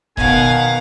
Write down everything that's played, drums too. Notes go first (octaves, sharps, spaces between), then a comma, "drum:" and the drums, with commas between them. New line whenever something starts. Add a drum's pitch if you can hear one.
B2 D#3 F5 F#5 G#5, drum: kick D#1